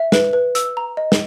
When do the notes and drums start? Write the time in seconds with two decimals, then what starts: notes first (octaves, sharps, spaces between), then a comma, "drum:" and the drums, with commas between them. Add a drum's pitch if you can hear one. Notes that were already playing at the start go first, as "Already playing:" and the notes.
Already playing: E5
0.12 B4, drum: snare
0.33 B4
0.55 E6, drum: hi-hat
0.77 A#5
0.97 D#5
1.12 drum: snare